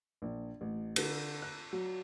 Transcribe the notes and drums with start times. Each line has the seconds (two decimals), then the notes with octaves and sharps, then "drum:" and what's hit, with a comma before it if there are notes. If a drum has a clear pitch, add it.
0.22 A#1
0.61 A1
0.96 D3, drum: cymbal
1.42 F#6
1.73 F#3